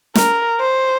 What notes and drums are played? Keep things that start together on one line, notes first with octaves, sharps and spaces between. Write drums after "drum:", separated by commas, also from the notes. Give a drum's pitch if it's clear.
A#4, drum: snare
C5